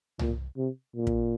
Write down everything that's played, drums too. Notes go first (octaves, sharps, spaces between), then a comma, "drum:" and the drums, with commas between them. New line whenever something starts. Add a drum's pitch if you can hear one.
A#2, drum: tom C2
C3
A#2
drum: kick